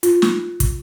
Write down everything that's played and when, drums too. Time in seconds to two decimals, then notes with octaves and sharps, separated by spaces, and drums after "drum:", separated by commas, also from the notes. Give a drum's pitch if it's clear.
0.03 F4, drum: hi-hat
0.22 drum: snare
0.60 drum: kick, hi-hat